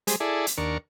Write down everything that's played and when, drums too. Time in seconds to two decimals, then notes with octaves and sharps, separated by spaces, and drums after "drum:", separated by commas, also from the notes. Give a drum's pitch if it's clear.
0.07 G3 G#3 G#4 C5, drum: hi-hat
0.20 E4 G#4 A4 D5
0.47 drum: hi-hat
0.58 D#2 D4 A#4 C#6